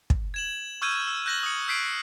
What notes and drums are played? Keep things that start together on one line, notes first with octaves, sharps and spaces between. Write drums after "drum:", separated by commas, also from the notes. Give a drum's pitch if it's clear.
drum: kick
G#6 E7 F#7
C#6 E6 F6 G6 G#6 D#7
E6
F#6 G6 A#6 D#7 F#7
D#6 C#7
E6 G6 B6 C7 D7